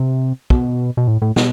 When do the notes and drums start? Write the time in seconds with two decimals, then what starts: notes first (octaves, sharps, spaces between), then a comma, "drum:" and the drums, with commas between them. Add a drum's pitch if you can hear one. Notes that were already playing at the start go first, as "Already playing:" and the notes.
Already playing: C3
0.50 B2, drum: kick
0.97 B2
1.08 A2
1.22 A2
1.36 B2, drum: snare